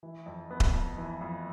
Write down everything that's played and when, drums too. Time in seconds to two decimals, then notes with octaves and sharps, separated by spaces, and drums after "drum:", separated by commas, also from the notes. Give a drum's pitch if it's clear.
0.03 E3
0.26 F2
0.51 B3
0.60 drum: kick D#1
0.74 F2
0.98 E3
1.21 F2